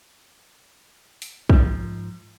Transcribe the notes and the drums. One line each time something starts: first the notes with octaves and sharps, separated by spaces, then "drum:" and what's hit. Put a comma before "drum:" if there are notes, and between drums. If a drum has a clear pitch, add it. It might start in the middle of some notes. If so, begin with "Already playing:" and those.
drum: open hi-hat
G#2 F3, drum: kick